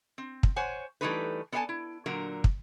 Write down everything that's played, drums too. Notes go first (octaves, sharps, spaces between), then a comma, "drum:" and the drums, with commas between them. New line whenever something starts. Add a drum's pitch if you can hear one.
C4
drum: kick
C5 C#5 F#5 G#5
E3 G3 A3 D#4 A4 B4
B3 A4 D5 F5 G#5 A5
E4
A#2 D3 F#3 A#4
drum: kick